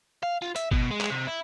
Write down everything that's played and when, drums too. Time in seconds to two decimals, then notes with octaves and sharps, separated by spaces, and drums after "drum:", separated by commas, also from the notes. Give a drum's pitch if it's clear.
0.23 F5
0.42 F4
0.56 E5, drum: hi-hat
0.71 B2, drum: kick G1
0.91 G#3
1.01 drum: clap
1.10 C3
1.27 E4